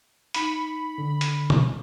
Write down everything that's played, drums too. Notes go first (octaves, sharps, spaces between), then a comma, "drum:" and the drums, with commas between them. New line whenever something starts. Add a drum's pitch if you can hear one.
D#4 B5 C#7, drum: hi-hat
D3
drum: hi-hat
drum: tom